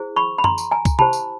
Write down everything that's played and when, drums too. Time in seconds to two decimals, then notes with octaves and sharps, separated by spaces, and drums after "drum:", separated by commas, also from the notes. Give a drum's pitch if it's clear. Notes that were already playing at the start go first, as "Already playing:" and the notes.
Already playing: E4 G#4 C5
0.16 B5 C#6
0.38 B5
0.44 A#5 C6, drum: tom F#2
0.58 drum: tambourine
0.71 G#5 A#5
0.85 drum: kick, tambourine
0.99 E4 G4 C5 A5 B5, drum: tom
1.13 drum: tambourine